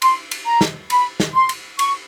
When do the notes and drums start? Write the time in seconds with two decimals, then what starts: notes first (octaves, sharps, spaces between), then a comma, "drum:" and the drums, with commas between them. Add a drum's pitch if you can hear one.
0.02 C6, drum: cymbal
0.31 drum: cymbal
0.46 A#5
0.61 drum: snare
0.90 B5, drum: cymbal
1.20 drum: snare
1.34 C6
1.49 drum: cymbal
1.79 C#6, drum: cymbal